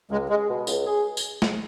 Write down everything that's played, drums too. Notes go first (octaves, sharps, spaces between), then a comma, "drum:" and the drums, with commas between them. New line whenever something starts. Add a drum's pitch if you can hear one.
C#2 G#3
G#3 G#4
B2
C#2, drum: tambourine
G#4
drum: tambourine
drum: snare